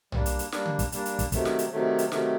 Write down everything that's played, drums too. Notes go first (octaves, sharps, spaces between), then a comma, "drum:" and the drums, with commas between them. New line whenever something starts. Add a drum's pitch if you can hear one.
G3 A#3 D4, drum: tom B1
drum: hi-hat
drum: hi-hat
G3 A#3 D4, drum: snare
drum: tom C#3
drum: kick, hi-hat
G3 A#3 D4, drum: hi-hat
drum: hi-hat
drum: kick, hi-hat
C3 D#3 F#3 A3, drum: kick, hi-hat
drum: snare
drum: hi-hat
C3 D#3 F#3 A3
drum: hi-hat
C3 D#3 F#3 A3, drum: snare